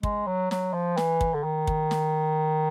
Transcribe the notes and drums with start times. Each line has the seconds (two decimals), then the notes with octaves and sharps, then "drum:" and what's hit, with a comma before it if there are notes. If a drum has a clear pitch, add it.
0.03 G#3, drum: kick
0.27 F#3
0.51 F#3, drum: snare
0.73 F3
0.97 E3, drum: snare
1.21 drum: kick
1.34 D3
1.44 D#3
1.67 drum: kick
1.91 drum: snare